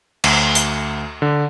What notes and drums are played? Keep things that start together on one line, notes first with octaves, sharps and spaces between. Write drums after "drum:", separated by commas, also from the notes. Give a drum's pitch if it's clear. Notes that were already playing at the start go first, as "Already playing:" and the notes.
D2, drum: cymbal
drum: hi-hat
D3